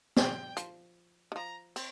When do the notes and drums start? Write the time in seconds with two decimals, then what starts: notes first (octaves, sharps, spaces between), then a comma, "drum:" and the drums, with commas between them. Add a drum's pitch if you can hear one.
0.17 G3 G5, drum: snare
0.57 F3, drum: hi-hat
1.32 D#3
1.36 F3 A#5
1.76 C4, drum: cymbal